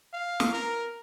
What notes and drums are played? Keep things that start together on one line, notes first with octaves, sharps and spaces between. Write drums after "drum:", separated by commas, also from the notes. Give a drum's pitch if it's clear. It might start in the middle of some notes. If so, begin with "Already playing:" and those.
F5
drum: snare
A#4